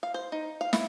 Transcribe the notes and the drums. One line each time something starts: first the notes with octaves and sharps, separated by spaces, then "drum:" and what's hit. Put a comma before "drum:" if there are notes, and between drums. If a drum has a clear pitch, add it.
F5
C5
D#4
F5
E4, drum: snare